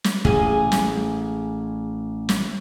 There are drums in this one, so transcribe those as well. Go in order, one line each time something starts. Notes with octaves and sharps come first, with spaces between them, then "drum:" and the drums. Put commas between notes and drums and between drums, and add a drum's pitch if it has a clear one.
drum: snare
A1 G#4 G#5, drum: kick
drum: snare
drum: snare